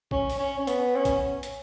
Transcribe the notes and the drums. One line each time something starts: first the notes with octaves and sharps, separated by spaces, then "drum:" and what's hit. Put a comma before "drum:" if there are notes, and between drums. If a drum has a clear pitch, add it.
C#4, drum: kick
drum: open hi-hat
C#4
C#4
B3, drum: hi-hat
C#4
drum: kick, hi-hat
drum: hi-hat